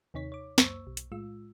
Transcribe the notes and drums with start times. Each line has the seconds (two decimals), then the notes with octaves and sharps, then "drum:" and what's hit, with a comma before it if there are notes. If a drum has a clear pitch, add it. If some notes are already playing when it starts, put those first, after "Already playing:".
0.14 D#2 C3 D#4 C#5 B6
0.32 C#5 D6
0.58 C#2 F#2 A#3 C5 C#6 E6, drum: snare
0.87 B1
0.97 drum: hi-hat
1.12 A2 G#3 F4 E6